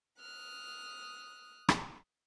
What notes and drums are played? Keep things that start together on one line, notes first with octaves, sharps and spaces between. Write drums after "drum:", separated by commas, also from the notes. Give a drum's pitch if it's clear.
D#6 F6 F#6
drum: rim click